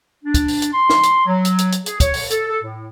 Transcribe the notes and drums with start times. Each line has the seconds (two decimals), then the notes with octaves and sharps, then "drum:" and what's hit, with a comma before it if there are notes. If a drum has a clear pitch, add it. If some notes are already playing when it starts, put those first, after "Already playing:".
0.24 D4
0.34 drum: kick, hi-hat
0.48 drum: open hi-hat
0.62 drum: hi-hat
0.72 C6
0.90 drum: snare
1.03 drum: hi-hat
1.26 F#3
1.45 drum: hi-hat
1.58 drum: hi-hat
1.72 drum: hi-hat
1.86 G#4, drum: hi-hat
2.00 C#5, drum: kick, hi-hat
2.14 drum: open hi-hat
2.30 A4, drum: hi-hat
2.48 A4
2.63 A2